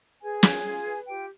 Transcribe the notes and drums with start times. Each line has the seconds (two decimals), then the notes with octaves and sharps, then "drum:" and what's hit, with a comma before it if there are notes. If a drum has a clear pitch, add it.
0.22 G#4 B4 G#5
0.43 F4, drum: snare
0.64 F4
0.85 B4
1.06 F4 G4 G5